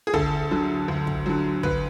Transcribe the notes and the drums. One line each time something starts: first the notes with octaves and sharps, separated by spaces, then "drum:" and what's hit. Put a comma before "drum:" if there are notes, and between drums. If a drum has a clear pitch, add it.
G#4
D2 A4, drum: kick
D3 F#3
D2
drum: kick
D3 F#3
D2 B4, drum: kick